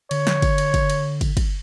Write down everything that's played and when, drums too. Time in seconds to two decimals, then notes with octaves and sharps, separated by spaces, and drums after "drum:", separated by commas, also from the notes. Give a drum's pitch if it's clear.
0.11 D3 C#5, drum: cymbal
0.27 drum: snare
0.42 drum: kick, cymbal
0.58 drum: cymbal
0.74 drum: kick, cymbal
0.90 drum: cymbal
1.21 drum: kick, cymbal
1.37 drum: kick, cymbal